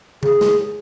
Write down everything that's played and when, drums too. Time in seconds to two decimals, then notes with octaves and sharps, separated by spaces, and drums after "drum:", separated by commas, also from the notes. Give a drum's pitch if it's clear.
0.23 G#4, drum: tom C#3
0.41 drum: snare